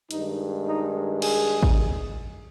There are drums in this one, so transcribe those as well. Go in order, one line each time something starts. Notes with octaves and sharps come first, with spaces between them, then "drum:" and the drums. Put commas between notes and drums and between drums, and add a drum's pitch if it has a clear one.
G2 D#3 G#3 D#4, drum: hi-hat
D#4
G#4, drum: cymbal
drum: kick G#1